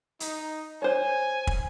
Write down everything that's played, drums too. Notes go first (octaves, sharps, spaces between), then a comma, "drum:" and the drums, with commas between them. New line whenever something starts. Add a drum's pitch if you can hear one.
D#4, drum: hi-hat
C5 C#5 G#5
drum: kick